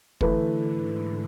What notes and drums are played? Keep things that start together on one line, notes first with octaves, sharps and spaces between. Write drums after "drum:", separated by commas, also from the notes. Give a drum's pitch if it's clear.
D3 E3 A3 E4 B4, drum: kick
G#2